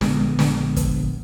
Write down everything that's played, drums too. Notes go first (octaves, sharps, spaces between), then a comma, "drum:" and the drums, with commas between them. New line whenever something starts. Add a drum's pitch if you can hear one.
A#1 D3 G#3 B3, drum: snare
drum: snare
drum: kick, hi-hat